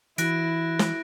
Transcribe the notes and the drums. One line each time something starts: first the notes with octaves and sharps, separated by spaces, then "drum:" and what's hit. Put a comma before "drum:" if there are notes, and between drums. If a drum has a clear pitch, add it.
E3 E4 F#4 F#6 A#6 D7, drum: hi-hat
drum: snare